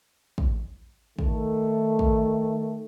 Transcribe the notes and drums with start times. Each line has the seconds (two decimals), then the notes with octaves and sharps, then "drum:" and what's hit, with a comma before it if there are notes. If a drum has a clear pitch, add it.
0.38 drum: kick
1.19 D#3 A3, drum: kick
1.99 drum: kick